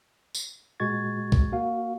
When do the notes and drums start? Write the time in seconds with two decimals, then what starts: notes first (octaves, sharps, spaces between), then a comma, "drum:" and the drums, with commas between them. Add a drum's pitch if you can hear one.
0.35 drum: tambourine
0.80 A#2 G#3 F#4 C#6 G#6 A6
1.32 drum: kick B1
1.52 A#3 F#4 F5